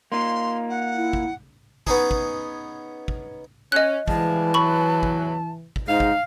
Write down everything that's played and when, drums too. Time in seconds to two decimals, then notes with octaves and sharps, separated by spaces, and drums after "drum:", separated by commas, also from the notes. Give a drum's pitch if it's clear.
0.12 A#3 D#4 F4 C6
0.69 F#5
0.95 E4
1.13 drum: kick
1.87 B3 C#4 D#4 G#4, drum: kick
2.11 drum: kick
3.08 drum: kick
3.72 C#4 D#5 F#6
4.08 E3 F3 G3 G#3 A5, drum: kick
4.54 E2 F#3 B4 B5 C#6
5.03 drum: kick
5.76 drum: kick
5.88 G#2 D#4 F5
6.00 drum: kick